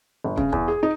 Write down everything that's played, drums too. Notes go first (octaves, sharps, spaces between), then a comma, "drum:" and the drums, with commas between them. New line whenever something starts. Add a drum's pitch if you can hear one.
G1
C#3, drum: kick
E2, drum: kick
G#4
D#4